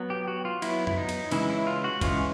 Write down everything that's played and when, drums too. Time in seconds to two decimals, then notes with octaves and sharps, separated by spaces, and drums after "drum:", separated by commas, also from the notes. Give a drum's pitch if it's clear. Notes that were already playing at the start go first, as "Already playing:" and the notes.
Already playing: F#3 B3
0.10 G4
0.28 F#4
0.45 F4
0.62 F#3 B3 E4, drum: cymbal
0.87 E4, drum: tom F2
0.97 D#4
1.09 drum: cymbal
1.31 C#3 E3 G#3 C#4 E4, drum: cymbal
1.49 E4
1.67 F4
1.84 F#4
2.01 C#3 E3 G#3 C#4 F4, drum: kick, cymbal